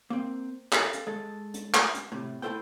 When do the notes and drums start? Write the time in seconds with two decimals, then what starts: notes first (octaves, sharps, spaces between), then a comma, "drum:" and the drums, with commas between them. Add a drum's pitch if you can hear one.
0.10 A#3 C4
0.73 G4 A4 D5 F5, drum: clap
0.93 drum: hi-hat
1.07 G#3 A4
1.54 drum: hi-hat
1.74 drum: clap
1.95 drum: hi-hat
2.12 A2 C3
2.42 A3 E4 F4 A4 C5 G5